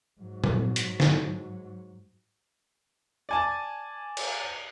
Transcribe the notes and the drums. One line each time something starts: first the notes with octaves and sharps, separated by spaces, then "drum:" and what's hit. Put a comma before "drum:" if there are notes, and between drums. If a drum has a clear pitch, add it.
G#2 F#3
drum: tom A#2
drum: hi-hat
drum: snare
D5 G#5 A5
drum: cymbal